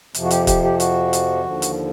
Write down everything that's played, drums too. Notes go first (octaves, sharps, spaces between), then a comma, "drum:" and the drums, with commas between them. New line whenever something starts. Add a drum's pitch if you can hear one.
F2 C3 F3, drum: hi-hat
F#4
G4, drum: hi-hat
G4, drum: kick, hi-hat
G4
F#4, drum: hi-hat
drum: hi-hat
D#2 D3 F3
drum: hi-hat